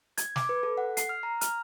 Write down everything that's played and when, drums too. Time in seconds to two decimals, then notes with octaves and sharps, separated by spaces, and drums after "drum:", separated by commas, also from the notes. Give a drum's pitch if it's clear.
0.18 G#6, drum: hi-hat
0.36 D6, drum: snare
0.49 B4
0.63 A4
0.77 F#5
0.97 C7, drum: hi-hat
1.09 F6
1.23 A#5
1.41 F6, drum: hi-hat